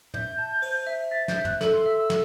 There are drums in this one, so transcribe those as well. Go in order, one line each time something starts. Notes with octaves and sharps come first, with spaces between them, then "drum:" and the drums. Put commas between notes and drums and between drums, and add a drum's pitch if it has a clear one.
E5 G6, drum: tom
A5
C5, drum: open hi-hat
E5
E5 A6
G6, drum: snare
E5
F#6, drum: tom
A4 E6, drum: snare
C6
E5 E6
E6
A4, drum: snare